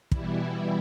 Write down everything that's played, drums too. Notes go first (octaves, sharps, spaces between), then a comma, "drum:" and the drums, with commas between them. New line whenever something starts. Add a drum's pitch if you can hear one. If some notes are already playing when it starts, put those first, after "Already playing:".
B2 E3 G3 E4, drum: kick